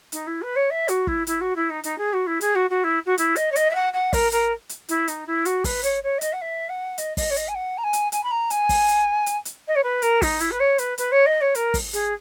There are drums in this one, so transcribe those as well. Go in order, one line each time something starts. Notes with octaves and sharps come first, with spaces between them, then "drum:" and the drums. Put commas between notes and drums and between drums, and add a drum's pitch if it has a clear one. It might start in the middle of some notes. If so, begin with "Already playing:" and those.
D#4, drum: hi-hat
E4
B4
C#5
E5
F#4, drum: hi-hat
E4, drum: kick
E4, drum: hi-hat
F#4
E4
D#4
D#4, drum: hi-hat
G#4
F#4
E4
G#4, drum: hi-hat
F#4
F#4
E4
F#4
E4, drum: hi-hat
D#5, drum: hi-hat
C#5
D#5, drum: hi-hat
E5
F#5
F#5
A#4, drum: kick, open hi-hat
A#4, drum: hi-hat
drum: hi-hat
E4, drum: hi-hat
D#4, drum: hi-hat
E4
F#4, drum: hi-hat
B4, drum: kick, open hi-hat
C#5, drum: hi-hat
C#5
E5
D#5, drum: hi-hat
F#5
E5
F#5
D#5, drum: hi-hat
D#5, drum: kick, open hi-hat
C#5
D#5, drum: hi-hat
G#5
F#5
A#5
G#5
drum: hi-hat
G#5, drum: hi-hat
B5
A#5
G#5, drum: hi-hat
drum: kick, open hi-hat
drum: hi-hat
drum: hi-hat
drum: hi-hat
D#5
C#5
B4
A#4, drum: hi-hat
D#4, drum: kick, open hi-hat
E4, drum: hi-hat
B4
C#5
B4, drum: hi-hat
B4, drum: hi-hat
C#5
D#5
C#5
A#4, drum: hi-hat
drum: kick, open hi-hat
G#4, drum: hi-hat